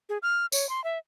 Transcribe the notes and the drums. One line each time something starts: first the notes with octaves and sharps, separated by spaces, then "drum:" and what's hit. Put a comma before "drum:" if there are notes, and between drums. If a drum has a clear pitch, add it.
G#4
F6
C#5, drum: tambourine
C6
E5